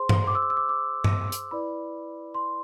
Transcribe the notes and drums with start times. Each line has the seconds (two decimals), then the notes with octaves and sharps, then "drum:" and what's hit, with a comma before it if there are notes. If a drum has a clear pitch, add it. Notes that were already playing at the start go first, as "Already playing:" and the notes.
Already playing: G#4 C5 C6
0.09 drum: tom G2
0.27 D6
0.35 E6
0.42 D6
0.50 E6
0.57 D6
0.69 D6
1.04 drum: tom G2
1.32 drum: hi-hat
1.51 E4 B4 D5 B5
2.34 C6